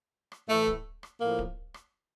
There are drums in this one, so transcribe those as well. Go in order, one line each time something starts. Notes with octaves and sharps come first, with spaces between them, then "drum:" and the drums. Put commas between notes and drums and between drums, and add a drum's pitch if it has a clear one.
drum: rim click
A2 E3 A3
drum: kick D1
drum: rim click
A2 F3 A#3
drum: kick D1
drum: rim click